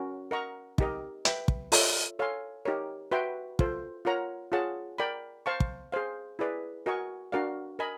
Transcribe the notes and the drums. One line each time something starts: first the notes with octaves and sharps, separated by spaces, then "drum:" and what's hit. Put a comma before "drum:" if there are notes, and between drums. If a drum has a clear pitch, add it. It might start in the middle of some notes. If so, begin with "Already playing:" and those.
Already playing: C#4 F#4 A#4
A#4 D#5 F#5 A#5 C#6
D#4 G4 A#4 D#5, drum: kick
B4 E5 G5 B5, drum: hi-hat
drum: kick
F4 A4 C#5 E5, drum: open hi-hat
A4 C#5 F5 G#5 C6
D#4 G4 A#4 C#5
F#4 B4 E5 G5 C6
F4 A4 C5, drum: kick
F4 A#4 C#5 F#5 A#5
F4 G#4 C#5 F#5 A5
A#4 D5 G5 B5
C5 F5 A5 C#6
drum: kick
G#4 C5 F5
E4 G#4 B4 D5
F#4 A#4 D#5 G#5 C#6
D4 F#4 A#4 D5 F5
A#4 D#5 G#5 B5